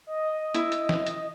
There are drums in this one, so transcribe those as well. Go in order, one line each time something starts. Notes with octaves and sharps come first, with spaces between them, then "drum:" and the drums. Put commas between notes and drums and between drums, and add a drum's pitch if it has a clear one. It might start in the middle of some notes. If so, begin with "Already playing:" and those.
D#5
E4, drum: hi-hat
drum: hi-hat
drum: snare
drum: hi-hat